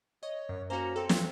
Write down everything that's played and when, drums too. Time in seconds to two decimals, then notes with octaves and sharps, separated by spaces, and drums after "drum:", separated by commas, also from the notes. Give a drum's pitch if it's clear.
0.23 C#5 D#5
0.49 F#2
0.70 A#3 C#4 F#4 C5 A#5
0.96 C4 A4
1.09 drum: snare